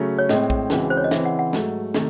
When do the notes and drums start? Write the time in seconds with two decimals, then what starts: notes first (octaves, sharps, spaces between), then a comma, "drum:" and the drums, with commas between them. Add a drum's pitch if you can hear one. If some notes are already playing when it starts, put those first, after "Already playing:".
Already playing: C#3 F#3 A3 C#4
0.19 C#5
0.29 A2 G#3 C4 D#5, drum: snare
0.50 drum: kick
0.70 C#2 C#3 E3 C4 F#4, drum: snare
0.90 C5
0.97 C#5
1.04 D#5
1.11 C#3 E3 C4 E5, drum: snare
1.25 F#5
1.39 F#5
1.53 G#2 F#3 A3, drum: snare
1.94 C3 D#3 A3, drum: snare